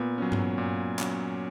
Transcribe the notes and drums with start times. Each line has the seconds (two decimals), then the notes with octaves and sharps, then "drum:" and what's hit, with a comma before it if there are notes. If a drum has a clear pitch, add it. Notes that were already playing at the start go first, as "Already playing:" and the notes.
Already playing: A#2 B3
0.18 F#3 C#4
0.32 drum: tom G2
0.58 A#2
0.99 F#3 C#4, drum: clap